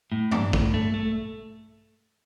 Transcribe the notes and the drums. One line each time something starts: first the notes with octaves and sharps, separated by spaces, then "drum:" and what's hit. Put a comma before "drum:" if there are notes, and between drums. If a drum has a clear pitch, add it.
A2
D4, drum: tom G2
A2, drum: kick
A3
A3